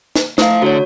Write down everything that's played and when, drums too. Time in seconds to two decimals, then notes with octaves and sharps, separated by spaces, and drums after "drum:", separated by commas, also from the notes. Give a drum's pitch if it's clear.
0.16 drum: snare
0.38 A3 E4 C5 F5, drum: snare
0.62 D3 F#4 C#5